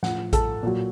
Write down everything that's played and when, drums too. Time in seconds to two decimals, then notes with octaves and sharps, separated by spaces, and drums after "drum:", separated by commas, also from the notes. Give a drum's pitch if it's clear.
0.03 A2 F3 F#5, drum: snare
0.33 A4 A5, drum: kick A1, hi-hat
0.63 A#2 F#3